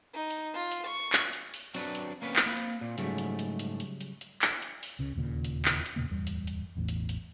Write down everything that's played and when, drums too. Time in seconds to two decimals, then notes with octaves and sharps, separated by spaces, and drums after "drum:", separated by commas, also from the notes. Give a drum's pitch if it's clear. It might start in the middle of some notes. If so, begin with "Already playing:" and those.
0.15 D#4
0.30 drum: hi-hat
0.55 F4
0.72 drum: hi-hat
0.87 C#6
1.13 drum: clap
1.33 drum: hi-hat
1.54 drum: open hi-hat
1.74 F#3 C4 D4 B4, drum: hi-hat
1.95 drum: hi-hat
2.22 A#3 C#4 B4
2.36 drum: clap
2.46 A#3 B5
2.57 drum: hi-hat
2.81 A#2
2.98 G#2 C#3 F#3 G3 A3, drum: hi-hat
3.18 drum: hi-hat
3.39 drum: hi-hat
3.59 drum: hi-hat
3.80 drum: hi-hat
4.01 drum: hi-hat
4.21 drum: hi-hat
4.42 drum: clap
4.62 drum: hi-hat
4.83 drum: open hi-hat
4.99 C#2 C#3
5.15 E1 D#2 A#2 C#3
5.45 drum: hi-hat
5.65 drum: clap
5.86 drum: hi-hat
5.96 E2 A#2 C#3 A#3
6.10 D1 E2 G2 G3
6.27 drum: hi-hat
6.47 drum: hi-hat
6.75 E1 A1 E2 A2
6.89 drum: hi-hat
7.09 drum: hi-hat